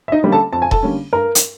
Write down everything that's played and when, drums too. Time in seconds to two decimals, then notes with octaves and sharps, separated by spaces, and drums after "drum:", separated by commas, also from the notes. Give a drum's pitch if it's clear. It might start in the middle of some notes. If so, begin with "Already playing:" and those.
0.08 E5
0.12 D#4 D#5
0.23 D3 G3 A#3 C#4
0.32 A4 A5
0.53 F2 A5
0.62 G#5
0.71 A4 A5, drum: kick E1
0.83 D3 G3 A#3 C#4
1.13 G2 A#4 A#5
1.35 drum: hi-hat